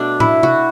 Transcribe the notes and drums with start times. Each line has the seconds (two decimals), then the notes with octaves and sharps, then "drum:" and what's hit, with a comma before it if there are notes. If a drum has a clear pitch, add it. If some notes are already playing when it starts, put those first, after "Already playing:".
Already playing: B2 A3 D4
0.20 E4, drum: tom
0.43 F#4, drum: tom C3